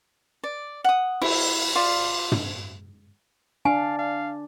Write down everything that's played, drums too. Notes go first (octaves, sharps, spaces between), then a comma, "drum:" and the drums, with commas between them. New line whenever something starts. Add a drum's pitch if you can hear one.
D5
F#5 D#6
E4, drum: cymbal
F4 D5
drum: tom
D4 F5 G#5
F5